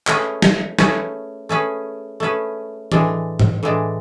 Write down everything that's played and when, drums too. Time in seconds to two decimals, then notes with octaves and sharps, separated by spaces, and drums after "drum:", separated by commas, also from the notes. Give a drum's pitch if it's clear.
0.07 A3 C#4 G#4 B4, drum: clap
0.42 drum: snare
0.79 A3 C#4 G#4 B4, drum: snare
1.49 A3 C#4 G#4 B4
2.20 A3 C#4 G#4 B4
2.92 A2 E3 G#3 D4, drum: tom
3.39 drum: tom G#2
3.63 A2 E3 G#3 D4